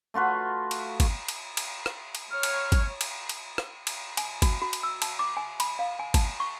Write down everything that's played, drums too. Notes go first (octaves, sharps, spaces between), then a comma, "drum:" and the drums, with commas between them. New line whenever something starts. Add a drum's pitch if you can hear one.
A3 F4 F#4 B4
drum: cymbal
drum: kick, cymbal
drum: cymbal
drum: cymbal
drum: rim click
drum: cymbal
C#5 F6
drum: cymbal
drum: kick, cymbal
drum: cymbal
drum: cymbal
drum: rim click
drum: cymbal
G#5, drum: cymbal
F#4, drum: kick, cymbal
F#4
drum: cymbal
E6
A5, drum: cymbal
D6
G#5
B5, drum: cymbal
F5
G#5
A5, drum: kick, cymbal
C#6